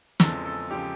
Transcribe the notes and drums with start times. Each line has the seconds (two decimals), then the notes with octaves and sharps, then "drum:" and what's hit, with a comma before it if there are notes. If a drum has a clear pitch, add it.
0.20 E2 C#3 F3 G#3 C4 A4, drum: snare
0.46 A4
0.71 C#3 F3 G#3 C4 G4